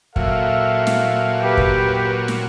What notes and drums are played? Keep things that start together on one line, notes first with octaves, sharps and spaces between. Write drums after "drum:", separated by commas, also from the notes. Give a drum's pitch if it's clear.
A#2 F#3 A4 E5 F5, drum: kick
drum: snare
G4 B4
drum: kick
drum: snare